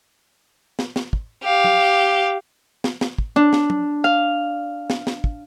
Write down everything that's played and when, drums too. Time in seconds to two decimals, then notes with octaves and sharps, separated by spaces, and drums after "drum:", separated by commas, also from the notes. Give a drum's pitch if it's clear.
0.79 drum: snare
0.96 drum: snare
1.13 drum: kick
1.43 G4 F5
1.64 drum: tom
2.84 drum: snare
3.01 drum: snare
3.18 drum: kick
3.36 D4
3.53 drum: snare
3.70 drum: tom
4.04 F5
4.90 drum: snare
5.07 drum: snare
5.24 drum: kick